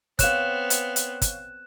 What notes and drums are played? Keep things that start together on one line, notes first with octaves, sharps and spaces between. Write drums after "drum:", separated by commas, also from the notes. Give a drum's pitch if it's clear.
B3 C4 C#5 F5 F#6 E7, drum: kick, hi-hat
drum: hi-hat
drum: hi-hat
drum: kick, hi-hat